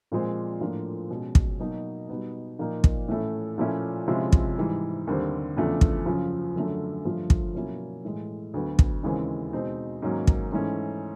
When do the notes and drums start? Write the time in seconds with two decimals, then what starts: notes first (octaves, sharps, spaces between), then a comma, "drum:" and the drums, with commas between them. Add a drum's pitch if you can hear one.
0.12 A#2 F3 G#3 C4
0.61 A2 F3 A#3 D4
1.10 B2 G#3 C#4
1.35 drum: kick
1.59 B2 F#3 A#3 D#4
2.09 B2 G3 B3 D#4
2.59 A#2 F3 A#3 D#4
2.84 drum: kick
3.08 A2 E3 A3 C#4 E4
3.58 A#2 F3 A3 C#4 E4
4.08 C3 F3 G#3 C#4 E4
4.32 drum: kick
4.57 G#2 E3 G3
5.07 D#2 D3 G3 C4
5.56 E2 C#3 F3 A3 D4
5.81 drum: kick
6.06 F#2 C#3 F3
6.56 F#2 D3 F#3 A3
7.05 G2 D3 F3 A3
7.30 drum: kick
7.55 B2 F#3 A#3 C#4 E4
8.05 A2 E3 G#3
8.54 D2 D3 F#3 B3
8.79 drum: kick
9.03 D#2 C#3 E3 G#3 C4
9.53 B2 G#3 C4 D#4
10.02 G#2 D#3 F#3 A#3 C#4
10.27 drum: kick
10.52 G#2 E3 A3 C#4